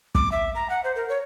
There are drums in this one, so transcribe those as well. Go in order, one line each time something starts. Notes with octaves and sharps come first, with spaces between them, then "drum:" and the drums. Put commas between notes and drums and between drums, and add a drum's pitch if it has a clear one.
D6, drum: kick
E5
A#5
F#5
C5
A#4
C#5